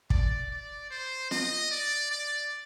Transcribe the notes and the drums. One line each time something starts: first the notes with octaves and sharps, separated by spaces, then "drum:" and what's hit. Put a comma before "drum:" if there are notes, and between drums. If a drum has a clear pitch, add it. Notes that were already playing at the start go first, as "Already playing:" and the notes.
D5, drum: kick
D5
C5
D#5, drum: snare
D5
D5